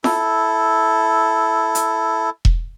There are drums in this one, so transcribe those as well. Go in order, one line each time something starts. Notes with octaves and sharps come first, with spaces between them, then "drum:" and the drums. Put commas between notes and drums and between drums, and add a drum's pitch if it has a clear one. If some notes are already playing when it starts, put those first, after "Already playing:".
E4 A4, drum: snare
drum: hi-hat
drum: kick E1